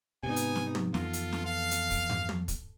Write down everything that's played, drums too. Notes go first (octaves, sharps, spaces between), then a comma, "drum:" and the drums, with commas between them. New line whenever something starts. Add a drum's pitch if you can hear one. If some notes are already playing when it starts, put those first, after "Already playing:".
G#2 C3 B3 D#4 G#5
drum: hi-hat
drum: snare
drum: tom
F2 E3 B3 F4 A4, drum: snare
drum: hi-hat
drum: snare
F5
drum: hi-hat
drum: kick, open hi-hat
drum: tom
drum: tom
drum: kick, hi-hat